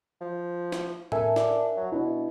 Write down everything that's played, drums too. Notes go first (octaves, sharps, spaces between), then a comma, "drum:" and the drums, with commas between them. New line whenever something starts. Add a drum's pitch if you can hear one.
F3
drum: snare
A4 A#4 E5 G#5, drum: tom A2
D4, drum: snare
F#3
B2 D4 E4